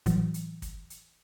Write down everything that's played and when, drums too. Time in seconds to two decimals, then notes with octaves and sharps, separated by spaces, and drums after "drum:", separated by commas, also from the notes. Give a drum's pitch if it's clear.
0.06 A2 E3 F#3, drum: kick, hi-hat
0.34 drum: hi-hat
0.62 drum: kick, hi-hat
0.90 drum: hi-hat